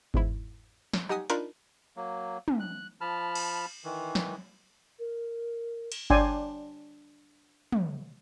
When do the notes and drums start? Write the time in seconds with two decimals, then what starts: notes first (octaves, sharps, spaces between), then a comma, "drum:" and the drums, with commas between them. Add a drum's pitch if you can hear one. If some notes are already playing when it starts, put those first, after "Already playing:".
0.14 E2 G#2 E4, drum: kick G1
0.93 drum: snare
1.09 D#4 G4 F#5 G#5 D#6
1.30 D4 D#4 F4 A#4 B5, drum: hi-hat
1.96 F#3 A#3
2.48 drum: tom
2.60 F#6
3.01 F3 A5 B5 F6
3.35 drum: cymbal
3.84 D#3 E3
4.15 drum: snare
4.99 A#4
5.92 drum: cymbal
6.10 D4 C#5 D5 G5 G#5 C6, drum: kick G1
7.72 drum: tom